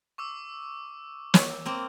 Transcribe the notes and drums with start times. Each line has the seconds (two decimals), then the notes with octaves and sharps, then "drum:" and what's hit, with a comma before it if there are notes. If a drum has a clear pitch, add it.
0.18 C#6 D6 E6
1.34 C#5, drum: snare
1.66 A#3 C4